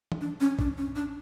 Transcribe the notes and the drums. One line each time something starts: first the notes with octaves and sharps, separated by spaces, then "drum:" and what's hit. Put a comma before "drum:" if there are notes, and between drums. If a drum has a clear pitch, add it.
drum: tom E3
D4
C#4
D4, drum: kick
C#4
D4